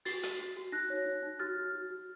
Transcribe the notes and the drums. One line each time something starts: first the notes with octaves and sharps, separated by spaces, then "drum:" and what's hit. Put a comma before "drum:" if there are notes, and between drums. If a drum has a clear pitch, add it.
F#4 A6 C7, drum: open hi-hat
F#4, drum: hi-hat
F#4
F#4
D#4 F#6 A#6
C#5
D#4
D#4
F#4 F6 A6
F#4
F#4
F#4